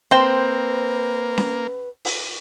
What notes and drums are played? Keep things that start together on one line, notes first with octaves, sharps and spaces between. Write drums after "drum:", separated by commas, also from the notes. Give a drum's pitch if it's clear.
A#3 C4 B4 C5 G5
drum: snare C#4
drum: open hi-hat